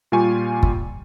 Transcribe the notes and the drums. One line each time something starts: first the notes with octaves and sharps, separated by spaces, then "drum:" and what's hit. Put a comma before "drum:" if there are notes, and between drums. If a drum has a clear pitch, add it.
A#2 G3 F4 G#5 C#6
drum: kick